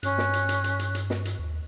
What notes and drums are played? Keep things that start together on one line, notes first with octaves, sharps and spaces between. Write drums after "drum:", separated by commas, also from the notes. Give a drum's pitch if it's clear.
G2 C#4 F#6, drum: hi-hat
drum: snare
drum: hi-hat
drum: hi-hat
drum: hi-hat
drum: hi-hat
drum: hi-hat
drum: snare
drum: hi-hat
D#2